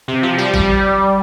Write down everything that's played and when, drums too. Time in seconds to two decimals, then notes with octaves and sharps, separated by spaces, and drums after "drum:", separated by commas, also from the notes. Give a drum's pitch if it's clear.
0.08 C3
0.23 F3
0.38 G3
0.54 G3, drum: kick G#1